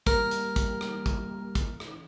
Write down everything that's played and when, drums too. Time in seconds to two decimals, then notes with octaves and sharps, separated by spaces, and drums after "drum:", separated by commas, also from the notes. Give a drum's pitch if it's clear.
0.07 G3 A#3 A#4, drum: kick, hi-hat
0.31 drum: hi-hat
0.56 drum: kick, hi-hat
0.81 drum: rim click
1.06 drum: kick, hi-hat
1.55 drum: kick, hi-hat
1.80 drum: rim click